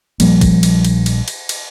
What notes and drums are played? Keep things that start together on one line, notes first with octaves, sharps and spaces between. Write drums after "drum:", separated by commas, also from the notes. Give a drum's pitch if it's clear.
A#1 F3 G3 A#3, drum: cymbal
drum: kick A#1, cymbal
drum: cymbal
drum: cymbal
drum: cymbal
drum: cymbal
drum: cymbal